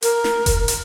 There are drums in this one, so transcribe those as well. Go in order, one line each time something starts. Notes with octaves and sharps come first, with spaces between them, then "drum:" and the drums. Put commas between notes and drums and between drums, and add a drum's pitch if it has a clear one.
A#4, drum: hi-hat
drum: snare
drum: kick F1, hi-hat
drum: hi-hat